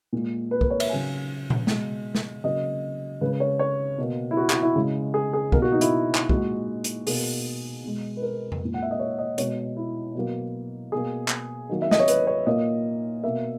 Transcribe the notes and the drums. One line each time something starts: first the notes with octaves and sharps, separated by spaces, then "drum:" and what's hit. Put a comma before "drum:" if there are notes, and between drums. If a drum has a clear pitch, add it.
A#2 G#3
B4
A#4, drum: kick
C#5
E5, drum: cymbal
C#3 F#3 A#3 G#5
drum: tom A#2
B2 G#3, drum: snare
drum: snare
C#3 F#3 A#3 D#5
C#3 G#3 B4
C#5
C#5
B2 A#3
E4
F#4
F#4, drum: clap
E4
C#3 G#3
G#4
G#4
B2 A#3 A#4, drum: kick
F#4
D#4
E4, drum: hi-hat
drum: clap
A#2 G#3 F#4, drum: kick
drum: hi-hat
B2 A#3 G#4, drum: open hi-hat
B2 G#3
B4
A#4
drum: tom F2
A#2 G#3
F#5
E5
D#5
C#5
D#5
B2 G#3 C#5, drum: hi-hat
E4
B2 F#3 A#3
B2 A#3 G#4
drum: clap
D#3 F#3 A#3
E5
D#5, drum: snare
C#5
B4, drum: hi-hat
C#5
A#2 A#3 D#5
B2 A#3 E5